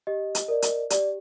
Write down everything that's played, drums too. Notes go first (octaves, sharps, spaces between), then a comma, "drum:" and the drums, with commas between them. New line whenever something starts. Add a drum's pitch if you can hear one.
G4 D#5
drum: hi-hat
A#4 D5
drum: hi-hat
G4 D5, drum: hi-hat